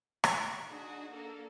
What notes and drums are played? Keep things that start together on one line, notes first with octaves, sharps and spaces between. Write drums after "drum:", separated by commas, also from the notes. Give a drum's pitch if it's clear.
B5 C#6 D6, drum: rim click
D4 D#4 F#4 G#4
A#3 D4 A4 A#4